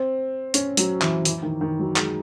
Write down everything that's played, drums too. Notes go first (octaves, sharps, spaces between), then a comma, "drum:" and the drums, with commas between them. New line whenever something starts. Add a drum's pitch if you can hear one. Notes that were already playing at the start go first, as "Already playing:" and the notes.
Already playing: C4
C#4, drum: hi-hat
F#3, drum: hi-hat
E3, drum: clap
E3, drum: hi-hat
D#3
D#3
F#3
G#3, drum: clap